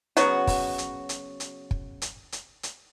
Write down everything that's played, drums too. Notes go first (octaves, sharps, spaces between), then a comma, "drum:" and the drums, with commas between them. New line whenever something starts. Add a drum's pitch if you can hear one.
C#3 F#3 B3 F#4, drum: hi-hat
drum: kick, open hi-hat
drum: hi-hat
drum: hi-hat
drum: hi-hat
drum: kick
drum: hi-hat
drum: hi-hat
drum: hi-hat